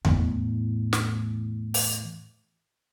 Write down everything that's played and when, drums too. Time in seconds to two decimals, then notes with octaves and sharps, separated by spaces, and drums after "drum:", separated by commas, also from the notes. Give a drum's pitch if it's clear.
0.05 E2 A2, drum: tom E2
0.93 drum: snare
1.74 drum: open hi-hat